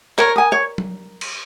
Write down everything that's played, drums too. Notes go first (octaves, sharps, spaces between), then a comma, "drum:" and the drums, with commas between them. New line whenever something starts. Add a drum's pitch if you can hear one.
A#4 C#5, drum: clap
G#5 D#6
C#5
drum: tom F#3
drum: cymbal